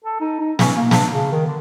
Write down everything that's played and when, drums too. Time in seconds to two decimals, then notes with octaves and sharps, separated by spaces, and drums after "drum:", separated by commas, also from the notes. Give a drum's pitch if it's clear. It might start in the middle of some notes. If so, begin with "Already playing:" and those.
0.04 A4
0.20 D#4
0.39 D#4
0.59 C#4, drum: snare
0.76 A#3
0.91 D4, drum: snare
1.10 C#3
1.31 D#3
1.46 D3